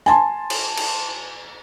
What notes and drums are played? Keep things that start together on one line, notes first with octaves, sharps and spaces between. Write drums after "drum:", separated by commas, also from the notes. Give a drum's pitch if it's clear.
G#5 A5 C6, drum: rim click
drum: cymbal
drum: cymbal